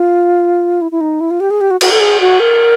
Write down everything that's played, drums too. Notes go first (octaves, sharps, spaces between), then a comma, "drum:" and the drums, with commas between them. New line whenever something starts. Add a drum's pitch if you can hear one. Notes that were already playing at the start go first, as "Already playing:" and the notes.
Already playing: F4
E4
E4
D#4
E4
F4
G4
G#4
G4
F#4
F#4, drum: cymbal
A4
G#4
F#4
A#4